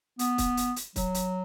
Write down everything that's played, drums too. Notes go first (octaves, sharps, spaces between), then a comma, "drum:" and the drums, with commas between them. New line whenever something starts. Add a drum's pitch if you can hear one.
B3, drum: hi-hat
drum: kick, hi-hat
drum: hi-hat
drum: hi-hat
F#3, drum: kick, hi-hat
drum: hi-hat